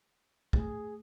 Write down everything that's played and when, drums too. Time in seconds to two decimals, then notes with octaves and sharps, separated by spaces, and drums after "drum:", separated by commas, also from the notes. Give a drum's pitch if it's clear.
0.53 A3 G#4, drum: kick